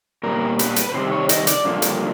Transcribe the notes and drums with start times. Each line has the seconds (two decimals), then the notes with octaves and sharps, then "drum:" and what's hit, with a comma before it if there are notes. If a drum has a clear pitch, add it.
0.23 A#2 G3 B3 A#4
0.59 B4, drum: hi-hat
0.76 drum: hi-hat
0.90 B4
0.94 C3 D#3 G3 C4 C5
1.12 C#5
1.29 D#5, drum: hi-hat
1.47 D5, drum: hi-hat
1.64 G2 D3 F3 A#3
1.82 drum: hi-hat